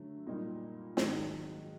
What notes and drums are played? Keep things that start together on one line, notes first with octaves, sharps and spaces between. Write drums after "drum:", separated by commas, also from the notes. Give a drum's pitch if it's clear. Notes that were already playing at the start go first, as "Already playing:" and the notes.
Already playing: D3 F#3 A3
A#2 G3 A#3 D#4
G#2 D#3 F#3, drum: snare